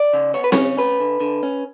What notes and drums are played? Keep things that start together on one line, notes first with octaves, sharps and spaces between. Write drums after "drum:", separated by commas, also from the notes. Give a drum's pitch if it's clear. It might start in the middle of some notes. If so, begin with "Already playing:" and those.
Already playing: D5
C#3
B3 C#5
B4
C#3 C#5, drum: snare C4
C#4 B4
D3
D3
C#4